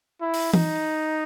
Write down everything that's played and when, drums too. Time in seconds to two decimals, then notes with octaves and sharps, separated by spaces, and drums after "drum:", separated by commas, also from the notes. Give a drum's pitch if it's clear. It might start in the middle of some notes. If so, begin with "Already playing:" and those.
0.21 E4
0.34 drum: open hi-hat
0.54 D#4, drum: tom E3